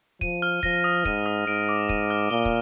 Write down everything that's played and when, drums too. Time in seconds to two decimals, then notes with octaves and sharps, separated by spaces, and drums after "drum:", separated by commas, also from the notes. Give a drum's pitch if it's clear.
0.21 F3 D#7, drum: kick
0.42 F6
0.63 F3 A#6, drum: kick
0.84 D#6
1.05 G#2 D#7, drum: kick
1.26 D#6
1.47 G#2 D7
1.69 D6
1.89 D#7, drum: kick
2.11 F6
2.31 A#2 G7
2.45 drum: kick